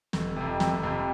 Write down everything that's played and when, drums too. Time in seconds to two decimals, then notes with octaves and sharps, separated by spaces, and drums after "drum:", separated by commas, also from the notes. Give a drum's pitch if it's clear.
0.13 F1, drum: snare
0.36 F2 C3
0.60 F1, drum: snare
0.83 F2 C3